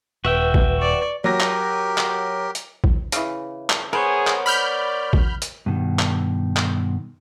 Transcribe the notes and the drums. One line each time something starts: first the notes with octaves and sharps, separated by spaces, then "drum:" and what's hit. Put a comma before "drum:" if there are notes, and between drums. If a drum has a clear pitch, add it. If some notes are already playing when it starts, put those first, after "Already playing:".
D#1 F#4 B4 E5 G5
drum: kick
D5 C#6
F#3 G4 A#4 A#6
drum: clap
drum: clap
drum: hi-hat
drum: kick
C#3 E3, drum: hi-hat
drum: clap
B3 G#4 A#4 C5 C#5
drum: clap
D5 B5 F6 G6
drum: kick
drum: hi-hat
G2 B2 D#3
drum: clap
drum: clap